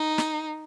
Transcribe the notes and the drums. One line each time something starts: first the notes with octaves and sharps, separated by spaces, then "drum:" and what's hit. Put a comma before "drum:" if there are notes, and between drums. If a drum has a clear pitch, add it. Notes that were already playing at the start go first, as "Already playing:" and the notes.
Already playing: D#4
drum: snare